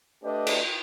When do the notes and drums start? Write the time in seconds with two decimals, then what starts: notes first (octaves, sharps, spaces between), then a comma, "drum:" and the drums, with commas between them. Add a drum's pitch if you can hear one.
0.23 A3 D4 G4 B4 D5 D#5
0.47 drum: cymbal